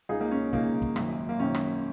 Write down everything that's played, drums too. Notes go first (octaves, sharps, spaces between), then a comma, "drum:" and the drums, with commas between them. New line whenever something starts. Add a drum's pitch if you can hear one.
C#2 C#3 D#4 G#4
A#3 D#4
C#4
C#2 C#3 A#3 D#4, drum: kick
drum: kick
G#1 F#2 D#3, drum: rim click
A#3
G#1 F#2 D#3 C#4
drum: rim click